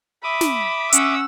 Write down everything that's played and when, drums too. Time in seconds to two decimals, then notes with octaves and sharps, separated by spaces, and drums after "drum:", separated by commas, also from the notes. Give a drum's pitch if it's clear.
0.23 E5 B5 D6 D#6
0.41 drum: snare
0.93 C#4 F#5 E6, drum: hi-hat